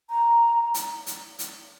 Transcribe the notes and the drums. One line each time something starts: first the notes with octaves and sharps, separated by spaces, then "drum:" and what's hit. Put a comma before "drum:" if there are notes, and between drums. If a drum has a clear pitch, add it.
A#5
drum: hi-hat
drum: hi-hat
drum: hi-hat